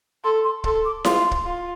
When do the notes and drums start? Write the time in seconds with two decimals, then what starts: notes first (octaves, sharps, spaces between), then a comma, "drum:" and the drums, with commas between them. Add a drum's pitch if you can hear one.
0.24 A4 C6
0.44 C6
0.64 A4 C6, drum: kick
0.85 D6
1.05 F4 C6, drum: snare E4
1.31 drum: kick
1.45 F4